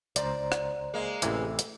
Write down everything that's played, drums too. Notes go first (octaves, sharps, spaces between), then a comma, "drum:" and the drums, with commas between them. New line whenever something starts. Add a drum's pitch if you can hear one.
C#2 C5 D5 A#5, drum: hi-hat
drum: rim click
G#3 A#3
A1 C3 E3, drum: hi-hat
drum: hi-hat